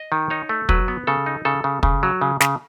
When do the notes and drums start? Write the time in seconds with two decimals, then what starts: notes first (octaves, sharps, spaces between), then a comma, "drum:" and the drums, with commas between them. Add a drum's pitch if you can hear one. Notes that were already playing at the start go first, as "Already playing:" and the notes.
Already playing: D#5
0.12 D#3
0.30 D#4 C#5
0.49 A3
0.69 F#3 B4, drum: kick
0.88 B3
1.07 C#3 A4
1.26 D#4
1.45 C#3 A4
1.64 C#3
1.83 C#3, drum: kick
2.03 F#3
2.21 C#3
2.41 C#3, drum: snare